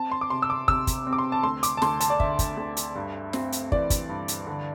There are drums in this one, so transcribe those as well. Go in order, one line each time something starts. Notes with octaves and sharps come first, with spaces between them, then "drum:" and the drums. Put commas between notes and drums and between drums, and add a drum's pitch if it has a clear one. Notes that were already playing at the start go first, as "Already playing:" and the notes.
Already playing: C4 A5
C6
D6
C3 C6
E6
D6
C3 E6, drum: kick
drum: kick, hi-hat
C4
D6
C6
A5
D2 C6
D6, drum: hi-hat
A5
D2 C6, drum: snare
A5, drum: hi-hat
D5
D3 E5, drum: kick
drum: kick, hi-hat
D2
drum: hi-hat
G2
C4, drum: snare
drum: hi-hat
E3 D5, drum: kick
drum: kick, hi-hat
G2
drum: hi-hat
D3